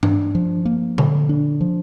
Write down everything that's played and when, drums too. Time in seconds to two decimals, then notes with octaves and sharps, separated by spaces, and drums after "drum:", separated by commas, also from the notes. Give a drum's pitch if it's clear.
0.03 D4, drum: tom G2
0.35 F3
0.65 A#3
0.98 D3, drum: tom A#2
1.29 D4
1.61 F3